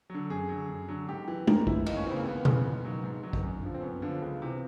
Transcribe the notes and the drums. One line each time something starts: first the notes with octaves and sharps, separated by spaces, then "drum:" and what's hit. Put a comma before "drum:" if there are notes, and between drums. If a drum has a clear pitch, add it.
D3 F#3
F#2 G#4
D3 F#3
F#2
D3 F#3
G#2 G4
E3
G#2 A#4, drum: tom G#3
E3 E4, drum: kick
D#2 D#4, drum: cymbal
C#4
E3 C4
C#3
A#3
D#2 B3
C#3 E3, drum: tom B2
G#2
D#3 F#3
G#2
D#3 F#3
drum: kick
F#2
D3 F3
C4
F#2 B3
D3 F3
C#2
C3 E3